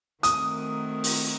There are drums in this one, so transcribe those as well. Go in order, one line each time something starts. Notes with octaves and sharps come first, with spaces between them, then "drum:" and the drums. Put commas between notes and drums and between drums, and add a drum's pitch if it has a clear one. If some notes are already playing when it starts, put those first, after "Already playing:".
D#3 A3 C4 F#4 A#4 D#6, drum: hi-hat
drum: open hi-hat